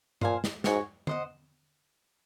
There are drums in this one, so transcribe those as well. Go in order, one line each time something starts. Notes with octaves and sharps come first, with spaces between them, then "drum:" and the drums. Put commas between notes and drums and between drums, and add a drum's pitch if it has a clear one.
A#2 C5 F5 G#5, drum: tom G2
drum: snare
G#2 F#4 C#5 G#5, drum: snare
C5 D#5 F#5, drum: tom D3